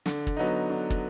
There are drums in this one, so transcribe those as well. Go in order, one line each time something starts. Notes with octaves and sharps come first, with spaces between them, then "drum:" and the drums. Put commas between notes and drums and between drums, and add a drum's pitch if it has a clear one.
D3, drum: snare
drum: kick
F#3 B3 D#4
D3
drum: kick